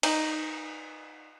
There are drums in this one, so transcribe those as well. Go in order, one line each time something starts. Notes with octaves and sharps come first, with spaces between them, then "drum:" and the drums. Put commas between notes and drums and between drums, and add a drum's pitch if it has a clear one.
D#4, drum: cymbal